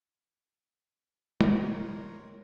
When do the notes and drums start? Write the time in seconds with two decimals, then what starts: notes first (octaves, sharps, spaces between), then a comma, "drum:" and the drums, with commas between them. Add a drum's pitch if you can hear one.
1.41 A#4 C#5 A#5 C6, drum: tom